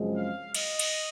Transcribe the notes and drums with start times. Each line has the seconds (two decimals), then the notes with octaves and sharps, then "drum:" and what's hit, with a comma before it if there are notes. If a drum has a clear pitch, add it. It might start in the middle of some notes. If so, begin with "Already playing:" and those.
Already playing: F#2 C#3 F3 G#3 C4
0.16 F5
0.54 D#5, drum: cymbal
0.79 drum: cymbal